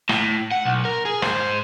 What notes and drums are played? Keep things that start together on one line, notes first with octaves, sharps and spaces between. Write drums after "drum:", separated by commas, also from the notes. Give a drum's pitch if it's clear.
A2, drum: rim click
F#5
B1
A#4
G#4
G#2 C5, drum: rim click